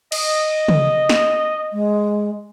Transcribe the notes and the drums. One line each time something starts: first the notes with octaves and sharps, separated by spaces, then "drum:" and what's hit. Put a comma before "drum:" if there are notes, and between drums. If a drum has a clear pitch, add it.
D#5, drum: cymbal
drum: tom
drum: snare
G#3